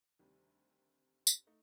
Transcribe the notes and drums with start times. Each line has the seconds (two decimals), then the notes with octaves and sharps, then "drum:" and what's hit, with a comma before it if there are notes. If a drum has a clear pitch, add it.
0.19 D2 C3 D#3 G3
1.27 drum: tambourine
1.47 A3 D#4